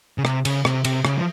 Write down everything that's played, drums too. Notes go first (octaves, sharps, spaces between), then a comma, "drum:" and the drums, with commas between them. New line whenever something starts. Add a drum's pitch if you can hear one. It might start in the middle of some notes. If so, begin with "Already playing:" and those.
C#3
C3, drum: rim click
C#3, drum: cymbal
C3, drum: rim click
C3, drum: cymbal
C#3, drum: rim click
F3